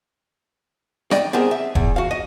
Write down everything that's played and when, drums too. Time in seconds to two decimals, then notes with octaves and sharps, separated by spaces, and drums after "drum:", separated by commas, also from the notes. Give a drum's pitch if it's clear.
1.11 D5 D#5 G5, drum: rim click
1.33 B3 C4 G4 G#4 A#4 C5
1.51 E5
1.75 E2, drum: kick E1
1.96 F#4 F5
2.11 D#5